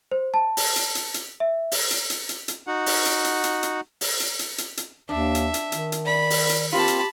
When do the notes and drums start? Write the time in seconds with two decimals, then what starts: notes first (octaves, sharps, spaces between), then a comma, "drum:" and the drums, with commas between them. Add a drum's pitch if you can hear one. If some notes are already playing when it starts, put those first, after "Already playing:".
0.12 C5
0.34 A5
0.57 drum: open hi-hat
0.76 drum: hi-hat
0.95 drum: hi-hat
1.14 drum: hi-hat
1.40 E5
1.72 drum: open hi-hat
1.91 drum: hi-hat
2.10 drum: hi-hat
2.29 drum: hi-hat
2.48 drum: hi-hat
2.67 D#4 F#4 F#5
2.86 drum: open hi-hat
3.05 drum: hi-hat
3.24 drum: hi-hat
3.44 drum: hi-hat
3.63 drum: hi-hat
4.01 drum: open hi-hat
4.20 drum: hi-hat
4.39 drum: hi-hat
4.58 drum: hi-hat
4.77 drum: hi-hat
5.09 D#2 D4 E5
5.35 drum: hi-hat
5.54 drum: hi-hat
5.72 D#3, drum: hi-hat
5.92 drum: hi-hat
6.06 D5 B5
6.30 drum: open hi-hat
6.49 drum: hi-hat
6.72 A#3 C4 F4 G4 A5 B5
6.88 drum: hi-hat